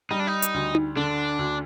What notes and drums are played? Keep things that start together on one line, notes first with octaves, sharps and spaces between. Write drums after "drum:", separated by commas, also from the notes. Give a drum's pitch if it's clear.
G3 D#4
D4
D#4
drum: hi-hat
D2
drum: tom D#4
D3 D4
D2